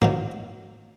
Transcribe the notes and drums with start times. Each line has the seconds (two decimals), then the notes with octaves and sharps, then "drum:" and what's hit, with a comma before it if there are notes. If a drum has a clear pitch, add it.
0.02 D#3 F#3 A#3, drum: tom G#2